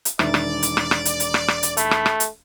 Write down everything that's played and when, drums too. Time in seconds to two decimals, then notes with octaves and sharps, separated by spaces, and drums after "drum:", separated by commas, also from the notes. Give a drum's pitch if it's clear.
0.05 drum: hi-hat
0.19 E1 D#3 D5 E5, drum: rim click
0.34 drum: rim click
0.63 drum: hi-hat
0.77 drum: rim click
0.91 drum: rim click
1.05 drum: hi-hat
1.20 drum: hi-hat
1.34 drum: rim click
1.48 drum: rim click
1.63 drum: hi-hat
1.77 A3 B5, drum: hi-hat
1.91 drum: rim click
2.06 drum: rim click
2.20 drum: hi-hat